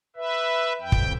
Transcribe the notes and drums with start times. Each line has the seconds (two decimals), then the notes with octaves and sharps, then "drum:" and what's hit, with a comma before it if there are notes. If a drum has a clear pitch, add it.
0.16 B4 E5
0.81 F2 G5
0.92 drum: kick